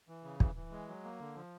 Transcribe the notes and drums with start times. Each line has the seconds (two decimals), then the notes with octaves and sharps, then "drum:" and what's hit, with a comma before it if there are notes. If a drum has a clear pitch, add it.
0.09 E3
0.24 C#3
0.40 E3, drum: kick
0.55 E3
0.71 G#3
0.88 F#3
1.04 A#3
1.20 D3
1.36 F3